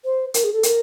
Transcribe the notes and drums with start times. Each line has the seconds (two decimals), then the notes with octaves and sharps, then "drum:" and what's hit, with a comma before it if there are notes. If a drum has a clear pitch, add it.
0.05 C5
0.34 A#4, drum: hi-hat
0.44 G#4
0.53 A4
0.63 A#4, drum: hi-hat